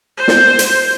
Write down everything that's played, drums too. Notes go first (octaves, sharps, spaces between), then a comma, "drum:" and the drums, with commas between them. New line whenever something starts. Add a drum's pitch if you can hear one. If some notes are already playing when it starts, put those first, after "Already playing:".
C5
drum: snare
drum: hi-hat